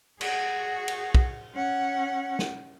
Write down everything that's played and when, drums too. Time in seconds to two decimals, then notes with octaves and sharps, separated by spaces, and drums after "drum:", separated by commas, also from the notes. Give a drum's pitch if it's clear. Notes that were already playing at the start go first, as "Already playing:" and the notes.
0.21 F#4 G#4, drum: cymbal
0.88 drum: cymbal
1.15 drum: kick
1.55 C#4 F#5
2.39 drum: snare